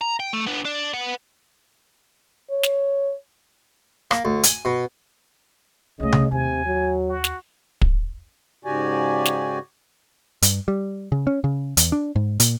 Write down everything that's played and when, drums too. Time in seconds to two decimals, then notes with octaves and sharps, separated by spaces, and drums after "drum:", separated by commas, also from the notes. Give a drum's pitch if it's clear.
0.02 A#5
0.20 G5
0.33 A3
0.46 B3 D4
0.65 D4
0.94 B3 F#5
2.51 C#5
2.63 drum: snare
4.11 A#3, drum: rim click
4.25 D2
4.43 G#5, drum: hi-hat
4.65 B2
6.00 C2 C#3 A3 D#5
6.12 drum: tom C3
6.31 D#2 C3 G#5
6.66 F#3
7.10 F#4
7.24 drum: snare
7.81 drum: kick
8.65 G#2 C#3 F#4 G4 D5 G#5
9.25 drum: snare
10.42 G2, drum: hi-hat
10.68 G3
11.12 C#3
11.27 C#4
11.44 C#3
11.77 E2, drum: hi-hat
11.92 D4
12.16 G#2
12.40 A#2, drum: hi-hat